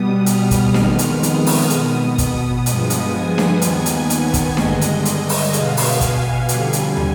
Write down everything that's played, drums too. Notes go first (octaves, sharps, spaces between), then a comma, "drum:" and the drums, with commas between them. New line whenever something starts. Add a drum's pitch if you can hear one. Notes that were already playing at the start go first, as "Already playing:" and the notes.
Already playing: B2 G3 B3 D#6
F6, drum: hi-hat
drum: kick, hi-hat
F2 D#3 G#3 B3, drum: snare D4
drum: hi-hat
D#6, drum: hi-hat
drum: open hi-hat
B2 B3, drum: hi-hat
drum: kick, hi-hat
G2 F3 G#3 B3, drum: hi-hat
drum: hi-hat
G#5
drum: snare D4
D#2 D#3 B3 G#5, drum: hi-hat
drum: hi-hat
G#5, drum: hi-hat
drum: kick, hi-hat
G2 D3 G#3 D#5, drum: snare D4
drum: hi-hat
drum: hi-hat
drum: open hi-hat
B2 B3 F5, drum: hi-hat
drum: open hi-hat
G#5, drum: kick, hi-hat
F2 D3 G3, drum: hi-hat
drum: hi-hat
drum: tom